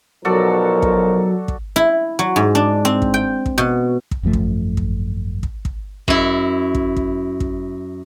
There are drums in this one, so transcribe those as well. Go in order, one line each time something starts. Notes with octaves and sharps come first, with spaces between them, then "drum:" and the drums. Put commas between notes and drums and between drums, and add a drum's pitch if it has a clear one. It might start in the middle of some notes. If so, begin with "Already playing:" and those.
B1 F3 F#3 F#4 A4 A#4 D5
drum: kick
drum: kick
E4
F#3
G#2
D4
C4
drum: kick
G5
drum: kick
B2
drum: kick
G#1 F#2 F3 A3
drum: kick
drum: kick
drum: kick
drum: kick
F#2 E4, drum: kick
drum: kick
drum: kick
drum: kick